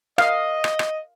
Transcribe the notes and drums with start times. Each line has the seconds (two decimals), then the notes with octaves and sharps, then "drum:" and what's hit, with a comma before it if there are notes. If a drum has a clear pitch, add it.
0.18 D#5 F5, drum: rim click
0.64 drum: rim click
0.79 drum: rim click